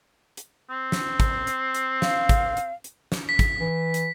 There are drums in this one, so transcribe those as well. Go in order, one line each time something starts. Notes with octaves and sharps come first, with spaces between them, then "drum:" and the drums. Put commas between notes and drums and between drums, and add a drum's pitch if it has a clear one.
drum: hi-hat
C4
drum: snare
drum: kick, hi-hat
drum: hi-hat
drum: hi-hat
F5, drum: snare
drum: kick, hi-hat
drum: hi-hat
drum: hi-hat
drum: snare
B6
drum: kick, hi-hat
E3
drum: hi-hat